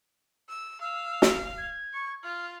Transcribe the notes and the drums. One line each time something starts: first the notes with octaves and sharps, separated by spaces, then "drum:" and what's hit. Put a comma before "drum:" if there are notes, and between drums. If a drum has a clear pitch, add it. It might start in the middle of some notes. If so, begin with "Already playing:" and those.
E6
F5 E6
drum: snare
G#6
C#6
F4 F6